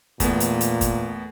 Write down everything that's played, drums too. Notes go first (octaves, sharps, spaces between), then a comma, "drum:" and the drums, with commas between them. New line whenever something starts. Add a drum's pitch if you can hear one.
E2 A#2 A3 B3, drum: kick, hi-hat
drum: hi-hat
drum: hi-hat
drum: kick, hi-hat